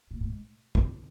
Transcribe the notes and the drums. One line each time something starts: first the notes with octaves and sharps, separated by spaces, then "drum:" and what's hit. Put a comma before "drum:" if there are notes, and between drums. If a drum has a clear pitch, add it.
A#2
A2
G#2
drum: kick